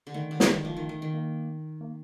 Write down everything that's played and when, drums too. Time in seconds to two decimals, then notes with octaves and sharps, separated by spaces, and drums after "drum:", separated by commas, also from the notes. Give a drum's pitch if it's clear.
0.07 D3
0.14 D#3 A3
0.31 D3
0.40 G3, drum: snare
0.48 D#3
0.58 G3
0.64 F3 A3
0.77 D#3
0.89 D#3
1.02 D#3
1.14 A#3
1.81 A#3